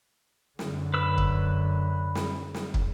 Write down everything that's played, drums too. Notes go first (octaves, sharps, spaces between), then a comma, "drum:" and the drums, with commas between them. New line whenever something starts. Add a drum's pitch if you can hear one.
F#2 D3, drum: snare
B4 E6
drum: kick
drum: snare
drum: snare
drum: kick